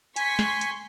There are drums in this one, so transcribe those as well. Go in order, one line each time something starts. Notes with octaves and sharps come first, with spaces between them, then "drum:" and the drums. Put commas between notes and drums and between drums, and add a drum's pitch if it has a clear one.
G#5 C6 C#6 B6, drum: hi-hat
drum: snare
drum: hi-hat